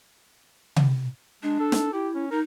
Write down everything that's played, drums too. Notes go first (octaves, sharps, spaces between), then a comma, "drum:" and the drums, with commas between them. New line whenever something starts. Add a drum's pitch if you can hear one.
drum: tom C3
G#3 D4
A4
drum: snare
E4 G4
C#4
D#4 A#4